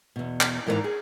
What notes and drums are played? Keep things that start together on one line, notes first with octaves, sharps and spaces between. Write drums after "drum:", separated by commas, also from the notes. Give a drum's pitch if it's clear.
E2 B2
drum: clap
G#2 E3 A#4 B4 D5 A#5
G#4